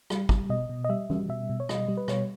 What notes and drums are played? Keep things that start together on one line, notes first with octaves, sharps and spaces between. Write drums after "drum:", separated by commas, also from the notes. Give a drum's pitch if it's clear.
G3, drum: rim click
G3, drum: kick
B2 D#5
B2
D#5
G3 E5
G3, drum: tom
B2 E5
B2
C#5
G3 D#5, drum: rim click
G3
B4
B2 C#5, drum: rim click